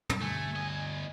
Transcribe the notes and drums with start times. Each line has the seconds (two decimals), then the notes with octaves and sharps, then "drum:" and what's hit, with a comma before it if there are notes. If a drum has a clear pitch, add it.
0.09 drum: tom
0.21 D2 G2 A3 G#5
0.56 E2 D#5